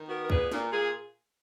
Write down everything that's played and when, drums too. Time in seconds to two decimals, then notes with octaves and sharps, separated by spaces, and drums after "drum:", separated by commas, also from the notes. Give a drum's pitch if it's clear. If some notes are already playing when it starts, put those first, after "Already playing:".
Already playing: D#3
0.09 B3 F#4 A#4
0.23 A#4
0.30 A#2 G#4 B4, drum: kick
0.52 A#2, drum: snare
0.72 A#2 F4 G#4